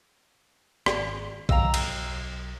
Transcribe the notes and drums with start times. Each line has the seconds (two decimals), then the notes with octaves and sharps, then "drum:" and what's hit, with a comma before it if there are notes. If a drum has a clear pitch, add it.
0.86 G#1 G#4 D5 G#5, drum: rim click
1.49 B1 F#3 D#5 F5 G5 A#5 E6, drum: kick
1.74 drum: cymbal